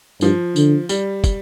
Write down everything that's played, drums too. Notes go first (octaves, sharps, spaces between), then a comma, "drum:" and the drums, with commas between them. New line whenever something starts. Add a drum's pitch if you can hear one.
G2 F3, drum: tambourine
D3, drum: tambourine
G3, drum: tambourine
drum: kick, tambourine